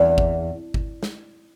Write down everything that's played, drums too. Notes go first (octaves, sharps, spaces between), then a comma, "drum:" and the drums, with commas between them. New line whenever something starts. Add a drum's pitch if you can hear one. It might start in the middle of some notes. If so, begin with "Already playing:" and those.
Already playing: E2
drum: kick G1
drum: kick G1
drum: snare